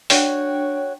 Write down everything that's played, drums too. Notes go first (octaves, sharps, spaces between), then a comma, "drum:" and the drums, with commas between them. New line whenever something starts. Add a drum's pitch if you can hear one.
D4 F#4 C#5 G5, drum: open hi-hat